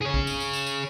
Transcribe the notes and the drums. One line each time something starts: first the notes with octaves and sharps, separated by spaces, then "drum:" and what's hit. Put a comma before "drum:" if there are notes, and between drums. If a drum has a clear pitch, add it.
G#4 C#5
drum: kick
drum: tambourine
drum: tambourine
drum: tambourine
drum: tambourine